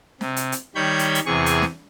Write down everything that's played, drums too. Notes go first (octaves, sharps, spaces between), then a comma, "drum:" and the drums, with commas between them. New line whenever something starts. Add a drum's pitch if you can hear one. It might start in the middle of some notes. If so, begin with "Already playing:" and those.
C3, drum: snare
drum: hi-hat
drum: hi-hat
D#3 G3 C#5 B5 G6 G#6
drum: hi-hat
drum: hi-hat
E2 C3 G#4 G#5 C#6
drum: hi-hat
drum: snare